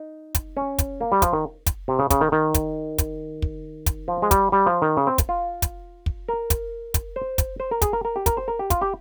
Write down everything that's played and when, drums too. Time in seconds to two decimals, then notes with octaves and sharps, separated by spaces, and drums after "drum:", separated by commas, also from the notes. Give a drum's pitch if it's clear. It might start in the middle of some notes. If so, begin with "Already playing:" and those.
Already playing: D#4
0.35 drum: kick, hi-hat
0.57 C#4
0.79 drum: kick, hi-hat
1.01 A#3
1.12 G3
1.22 F3, drum: kick, hi-hat
1.33 D#3
1.66 drum: kick, hi-hat
1.88 C3
1.99 C#3
2.10 C#3, drum: kick, hi-hat
2.21 D#3
2.32 D#3
2.54 drum: kick, hi-hat
2.98 drum: kick, hi-hat
3.42 drum: kick
3.86 drum: kick, hi-hat
4.08 F3
4.22 G#3
4.31 G3, drum: kick, hi-hat
4.52 G3
4.66 F3
4.82 D#3
4.97 C#3
5.07 C4
5.18 drum: kick, hi-hat
5.29 F4
5.62 drum: kick, hi-hat
6.06 drum: kick
6.29 A#4
6.50 drum: kick, hi-hat
6.94 drum: kick, hi-hat
7.16 C5
7.38 drum: kick, hi-hat
7.60 C5
7.71 A#4
7.82 G#4, drum: kick, hi-hat
7.93 A#4
8.05 A#4
8.16 G4
8.26 A#4, drum: kick, hi-hat
8.37 C5
8.48 A#4
8.59 G4
8.70 F4, drum: kick, hi-hat
8.81 G4